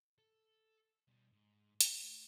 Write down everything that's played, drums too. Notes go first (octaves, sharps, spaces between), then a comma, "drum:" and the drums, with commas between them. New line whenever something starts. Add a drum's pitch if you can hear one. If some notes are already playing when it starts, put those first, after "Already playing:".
A4
B2 G3
G#2
F5, drum: hi-hat
A3